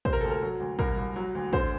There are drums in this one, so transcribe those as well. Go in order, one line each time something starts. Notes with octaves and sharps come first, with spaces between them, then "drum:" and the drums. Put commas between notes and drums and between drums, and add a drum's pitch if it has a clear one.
C3 C5, drum: kick
A#4
A4
D2
A#4
F#3
D2
C2 A#4, drum: kick
C2
F#3
D2
D3 C5, drum: kick